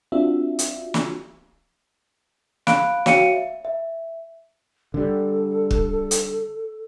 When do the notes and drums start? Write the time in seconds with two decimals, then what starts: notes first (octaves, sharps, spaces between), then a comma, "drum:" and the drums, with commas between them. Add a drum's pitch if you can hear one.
0.12 C4 D4 F4 F#4 E5
0.59 drum: hi-hat
0.94 drum: snare
2.67 F5 B5 F#6 D7, drum: snare
3.06 F#4 C#5 F5 G5 C#7 D#7, drum: snare
3.33 E5
3.65 E5
4.94 D3 G3 A4
5.71 drum: kick
6.11 drum: hi-hat